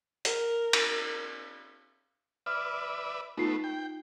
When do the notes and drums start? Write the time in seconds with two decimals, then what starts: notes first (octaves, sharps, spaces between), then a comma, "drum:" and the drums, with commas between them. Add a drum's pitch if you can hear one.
0.25 A#4, drum: hi-hat
0.73 drum: cymbal
2.46 B4 D5 E5 F6
3.38 A3 B3 D#4 F4 C7
3.64 G5